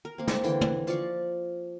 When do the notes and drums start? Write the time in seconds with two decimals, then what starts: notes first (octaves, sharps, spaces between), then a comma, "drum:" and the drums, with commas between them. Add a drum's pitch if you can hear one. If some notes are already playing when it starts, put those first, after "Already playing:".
0.05 A#4
0.18 A#3 C4
0.27 drum: snare
0.43 D3 E3 G5, drum: hi-hat
0.61 drum: tom
0.87 F3 D5 F5 C#6, drum: hi-hat